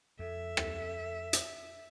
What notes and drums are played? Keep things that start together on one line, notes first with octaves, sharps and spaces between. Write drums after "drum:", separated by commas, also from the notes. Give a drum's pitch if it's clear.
F2 A4 E5
drum: rim click
drum: hi-hat